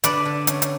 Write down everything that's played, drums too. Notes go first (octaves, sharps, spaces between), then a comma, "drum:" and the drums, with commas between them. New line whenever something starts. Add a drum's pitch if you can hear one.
D3 B4 D5, drum: hi-hat
D3
C#4, drum: hi-hat
drum: hi-hat